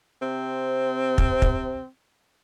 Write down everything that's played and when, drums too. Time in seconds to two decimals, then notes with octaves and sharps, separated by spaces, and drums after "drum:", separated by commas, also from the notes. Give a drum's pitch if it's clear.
0.22 C3 C4
1.18 drum: kick
1.42 drum: kick